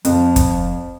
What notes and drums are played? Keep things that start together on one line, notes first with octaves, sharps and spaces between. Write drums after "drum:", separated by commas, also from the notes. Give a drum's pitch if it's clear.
F2 F3, drum: hi-hat
drum: kick, hi-hat